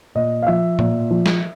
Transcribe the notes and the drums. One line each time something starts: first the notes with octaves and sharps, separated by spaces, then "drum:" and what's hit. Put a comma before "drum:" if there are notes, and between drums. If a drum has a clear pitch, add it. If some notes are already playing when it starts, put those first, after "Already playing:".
A#2 D#5
F5
F3 E5
A#2, drum: tom
F3
drum: snare